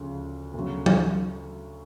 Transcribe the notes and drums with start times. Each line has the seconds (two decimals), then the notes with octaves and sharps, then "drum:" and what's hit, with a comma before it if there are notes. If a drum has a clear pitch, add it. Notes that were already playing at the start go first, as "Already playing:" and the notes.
Already playing: D2 C#3 F3
0.54 D2 C#3 F#3
0.86 drum: tom